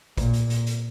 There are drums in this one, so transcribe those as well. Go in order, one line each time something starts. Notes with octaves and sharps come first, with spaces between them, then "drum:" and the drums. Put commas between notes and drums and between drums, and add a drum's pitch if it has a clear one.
A#2, drum: kick, hi-hat
drum: hi-hat
drum: hi-hat
drum: hi-hat